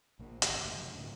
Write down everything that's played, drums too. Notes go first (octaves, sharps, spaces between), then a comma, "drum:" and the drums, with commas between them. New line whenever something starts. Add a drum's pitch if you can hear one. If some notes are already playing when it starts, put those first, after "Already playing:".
A#1 A#3
D#1 G#1 D#3, drum: hi-hat
F#2 C3 A3
C3 F3 F#3
C#2 G#2 C#3 A3